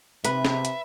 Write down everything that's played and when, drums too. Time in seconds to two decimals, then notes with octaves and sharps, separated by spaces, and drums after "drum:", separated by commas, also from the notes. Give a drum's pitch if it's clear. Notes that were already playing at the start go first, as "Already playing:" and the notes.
0.25 C3 B4 E5, drum: hi-hat
0.45 drum: snare
0.65 drum: hi-hat